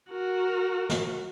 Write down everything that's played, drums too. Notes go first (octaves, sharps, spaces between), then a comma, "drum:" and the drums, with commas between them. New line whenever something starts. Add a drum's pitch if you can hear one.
F#4 A#4
drum: snare